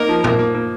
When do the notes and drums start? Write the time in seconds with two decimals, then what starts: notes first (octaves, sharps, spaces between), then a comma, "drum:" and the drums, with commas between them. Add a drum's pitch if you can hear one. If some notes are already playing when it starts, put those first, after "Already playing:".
Already playing: A#3 D#4 A#4
0.09 F3
0.24 A#3, drum: tom A#2
0.39 A#3
0.55 A#3